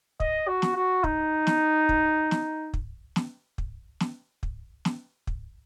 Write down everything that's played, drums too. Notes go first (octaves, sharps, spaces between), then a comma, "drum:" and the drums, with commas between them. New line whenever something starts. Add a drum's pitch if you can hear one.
D#5, drum: kick
F#4
drum: snare
F#4
D#4, drum: kick
drum: snare
drum: kick
drum: snare
drum: kick
drum: snare
drum: kick
drum: snare
drum: kick
drum: snare
drum: kick